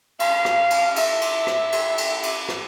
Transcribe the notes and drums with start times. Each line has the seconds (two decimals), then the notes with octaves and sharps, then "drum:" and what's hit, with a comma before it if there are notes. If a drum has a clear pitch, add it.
0.20 F5, drum: cymbal
0.45 drum: rim click
0.71 drum: cymbal
0.96 E5, drum: cymbal
1.21 drum: cymbal
1.47 drum: rim click
1.72 drum: cymbal
1.98 drum: cymbal
2.23 drum: cymbal
2.49 drum: rim click